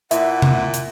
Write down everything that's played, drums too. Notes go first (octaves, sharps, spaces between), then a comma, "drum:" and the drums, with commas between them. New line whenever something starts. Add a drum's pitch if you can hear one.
A#2 E4 E5 F#5, drum: hi-hat
drum: tom C3
drum: hi-hat